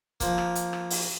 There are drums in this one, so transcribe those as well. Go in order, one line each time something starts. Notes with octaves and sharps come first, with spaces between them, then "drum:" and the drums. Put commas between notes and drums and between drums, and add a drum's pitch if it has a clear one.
F3 A#3, drum: kick, hi-hat
drum: rim click
drum: hi-hat
drum: rim click
drum: open hi-hat